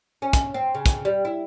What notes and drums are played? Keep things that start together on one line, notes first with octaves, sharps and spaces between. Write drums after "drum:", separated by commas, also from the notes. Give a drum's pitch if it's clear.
C#4
drum: kick, hi-hat
C4
C#3
drum: kick, hi-hat
G3
E4